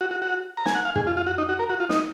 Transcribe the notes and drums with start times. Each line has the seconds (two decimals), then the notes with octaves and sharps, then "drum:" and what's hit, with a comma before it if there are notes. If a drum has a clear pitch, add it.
0.01 F#4
0.11 F#4
0.22 F#4
0.57 A#5
0.66 G#5, drum: snare
0.75 F#5
0.85 F5
0.96 G#4, drum: tom
1.07 F4
1.17 F4
1.27 F#4
1.38 D#4
1.49 F#4
1.59 A#4
1.69 F#4
1.80 F4
1.90 D#4, drum: snare